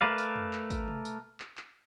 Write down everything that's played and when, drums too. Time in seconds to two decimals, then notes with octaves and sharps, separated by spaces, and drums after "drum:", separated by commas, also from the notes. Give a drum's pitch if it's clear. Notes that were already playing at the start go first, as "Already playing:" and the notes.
0.01 A3 A#4 B4 D5 F5
0.18 drum: tambourine
0.36 drum: tom
0.53 drum: clap
0.70 drum: kick, tambourine
0.88 drum: tom
1.05 drum: tambourine
1.40 drum: clap
1.57 drum: clap